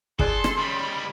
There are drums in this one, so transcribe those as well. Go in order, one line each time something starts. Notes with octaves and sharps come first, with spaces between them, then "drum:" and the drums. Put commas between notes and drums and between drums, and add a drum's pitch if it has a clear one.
G#4 A4 D5 C6 F#6, drum: kick
drum: rim click
D#3 G3 C#4 B5